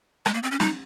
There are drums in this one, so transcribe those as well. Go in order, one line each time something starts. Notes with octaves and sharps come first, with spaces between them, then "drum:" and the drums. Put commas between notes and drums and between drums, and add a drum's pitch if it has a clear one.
G#3, drum: rim click
A#3
C4
C#4
D#4, drum: snare